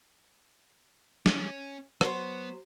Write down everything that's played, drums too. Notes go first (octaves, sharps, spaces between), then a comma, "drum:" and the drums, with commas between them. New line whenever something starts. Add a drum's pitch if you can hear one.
C#4, drum: snare
F#3 B3 C5, drum: rim click